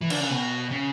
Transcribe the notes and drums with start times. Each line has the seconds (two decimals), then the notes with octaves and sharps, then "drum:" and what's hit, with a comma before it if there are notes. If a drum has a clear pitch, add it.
0.01 E3
0.10 D3, drum: cymbal
0.20 C#3
0.30 B2
0.71 C#3